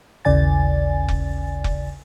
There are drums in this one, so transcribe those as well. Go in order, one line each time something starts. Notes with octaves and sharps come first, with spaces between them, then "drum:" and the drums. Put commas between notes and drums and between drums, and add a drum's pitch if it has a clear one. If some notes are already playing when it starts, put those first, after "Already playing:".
A1 D#2 C#3 D5 G#5 A6
drum: kick F1
drum: kick F1